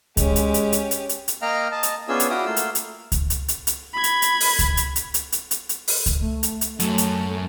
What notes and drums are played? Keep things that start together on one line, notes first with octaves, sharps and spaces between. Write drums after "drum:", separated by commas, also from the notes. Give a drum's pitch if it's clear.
G#3 C#4 G4, drum: kick C#2, hi-hat
drum: hi-hat
drum: hi-hat
drum: hi-hat
drum: hi-hat
drum: hi-hat
drum: hi-hat
A#3 D#5 F5 G5 A#5 F6
D#5 A5
drum: hi-hat
B3 C#4 D4 F4 G#4 E6
drum: hi-hat
D4 E4 F#4 F5 G5 D#6
A3 A#3 F4 E6
drum: hi-hat
drum: hi-hat
drum: kick C#2, hi-hat
drum: hi-hat
drum: hi-hat
drum: hi-hat
B5 G#6
drum: hi-hat
drum: hi-hat
drum: open hi-hat
drum: kick C#2, hi-hat
drum: hi-hat
drum: hi-hat
drum: hi-hat
drum: hi-hat
drum: hi-hat
drum: hi-hat
drum: open hi-hat
drum: kick C#2, hi-hat
A3
drum: hi-hat
drum: hi-hat
F#2 F#3 A3, drum: hi-hat
drum: hi-hat